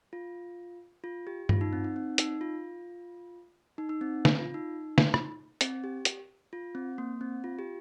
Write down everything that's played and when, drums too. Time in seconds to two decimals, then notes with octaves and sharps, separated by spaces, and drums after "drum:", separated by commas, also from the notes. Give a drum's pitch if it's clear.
0.13 F4
1.04 F4
1.27 G4
1.49 F4, drum: tom G2
1.61 D#4
1.73 C4
1.84 D#4
1.96 C4
2.18 D#4, drum: hi-hat
2.41 F4
3.78 D#4
3.89 D#4
4.01 C4
4.25 drum: snare
4.39 F4
4.54 D#4
4.98 drum: snare
5.14 drum: rim click
5.61 C4, drum: hi-hat
5.84 G4
6.05 drum: hi-hat
6.53 F4
6.75 C4
6.98 A#3
7.21 C4
7.44 F4
7.59 G4